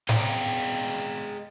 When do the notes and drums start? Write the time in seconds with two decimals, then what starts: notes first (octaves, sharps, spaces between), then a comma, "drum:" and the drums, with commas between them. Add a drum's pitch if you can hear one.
0.09 G#4 D#5 F5 G5 A#5, drum: snare